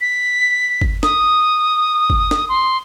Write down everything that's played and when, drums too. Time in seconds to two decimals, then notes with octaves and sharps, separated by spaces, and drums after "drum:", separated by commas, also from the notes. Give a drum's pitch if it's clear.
0.01 B6
0.82 drum: kick G1
1.03 D#6, drum: snare
2.10 drum: kick G1
2.31 drum: snare
2.49 C6